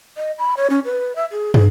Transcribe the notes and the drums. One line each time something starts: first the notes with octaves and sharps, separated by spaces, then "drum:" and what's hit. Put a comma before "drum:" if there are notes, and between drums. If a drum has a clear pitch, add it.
D#5
B5
C#5
C#4
B4
E5
G#4
G#4, drum: tom